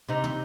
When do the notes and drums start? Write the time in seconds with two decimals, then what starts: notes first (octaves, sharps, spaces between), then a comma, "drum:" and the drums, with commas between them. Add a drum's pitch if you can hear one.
0.09 C3 D#4
0.24 drum: tom